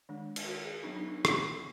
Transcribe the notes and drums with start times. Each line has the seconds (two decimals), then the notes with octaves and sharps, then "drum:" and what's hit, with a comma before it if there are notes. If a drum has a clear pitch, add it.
0.09 D#3 G#3 D4
0.36 drum: cymbal
0.46 F#4
0.65 G#4
0.84 F#3 B3 D4 D#4
0.96 D4
1.08 D#4
1.25 drum: rim click